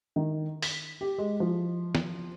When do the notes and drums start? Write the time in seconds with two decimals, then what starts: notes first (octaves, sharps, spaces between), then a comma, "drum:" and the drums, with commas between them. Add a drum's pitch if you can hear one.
0.16 D#3
0.63 B6, drum: open hi-hat
1.01 G4
1.18 G#3
1.40 F3
1.95 drum: snare